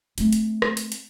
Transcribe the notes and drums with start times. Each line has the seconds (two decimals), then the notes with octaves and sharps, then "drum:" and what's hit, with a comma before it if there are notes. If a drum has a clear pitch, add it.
0.18 A3 C4, drum: hi-hat
0.33 drum: hi-hat
0.62 drum: rim click
0.77 drum: hi-hat
0.92 drum: hi-hat